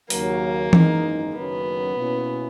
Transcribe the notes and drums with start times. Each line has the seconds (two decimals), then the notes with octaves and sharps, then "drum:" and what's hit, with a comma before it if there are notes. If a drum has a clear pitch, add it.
0.10 D#2 C#3 F#3 A#3, drum: open hi-hat
0.73 G#1 F#2 E3 G#3 D#4, drum: tom E3
1.34 F#1 F#2 D#3 F#3 B3 C#4
1.96 B2 A#3 C#4 E4